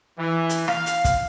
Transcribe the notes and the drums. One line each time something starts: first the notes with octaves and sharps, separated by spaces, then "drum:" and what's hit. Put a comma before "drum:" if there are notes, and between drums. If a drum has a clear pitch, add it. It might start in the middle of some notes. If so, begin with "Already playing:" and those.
E3
drum: hi-hat
F5, drum: rim click
drum: hi-hat
drum: kick, hi-hat